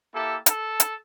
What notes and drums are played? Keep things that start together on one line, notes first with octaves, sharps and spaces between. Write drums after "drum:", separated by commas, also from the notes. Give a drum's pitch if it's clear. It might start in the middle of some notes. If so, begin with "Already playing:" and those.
A#3 E4 G4 A4
A4, drum: hi-hat
drum: hi-hat